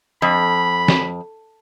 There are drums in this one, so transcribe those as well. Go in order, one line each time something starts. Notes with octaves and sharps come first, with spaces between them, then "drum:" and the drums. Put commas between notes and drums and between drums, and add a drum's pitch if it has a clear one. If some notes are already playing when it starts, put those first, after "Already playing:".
F2 B5
drum: snare